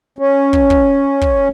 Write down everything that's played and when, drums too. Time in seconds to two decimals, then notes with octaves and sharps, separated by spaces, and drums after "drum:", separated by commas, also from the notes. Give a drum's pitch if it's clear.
0.19 C#4
0.53 drum: kick
0.70 drum: kick
1.21 drum: kick